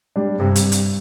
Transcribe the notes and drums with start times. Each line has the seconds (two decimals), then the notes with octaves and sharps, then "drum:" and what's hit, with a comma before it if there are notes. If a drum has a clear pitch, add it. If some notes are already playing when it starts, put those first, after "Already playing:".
0.16 G3 D4
0.39 G2 C3
0.56 drum: hi-hat
0.72 drum: hi-hat